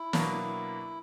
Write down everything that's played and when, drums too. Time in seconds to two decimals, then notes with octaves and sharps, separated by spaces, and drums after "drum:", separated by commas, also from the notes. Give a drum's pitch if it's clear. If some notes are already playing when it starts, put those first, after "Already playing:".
Already playing: E4
0.13 B2 F#3 A#3 D4, drum: snare